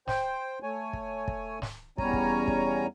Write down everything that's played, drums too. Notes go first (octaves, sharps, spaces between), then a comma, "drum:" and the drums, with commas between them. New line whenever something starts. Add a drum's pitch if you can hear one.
C5 G5, drum: snare
A3 C#5 G#5
drum: kick
drum: kick
drum: snare
E2 G3 C#4 C#5 G#5 A#5, drum: kick
drum: kick
drum: kick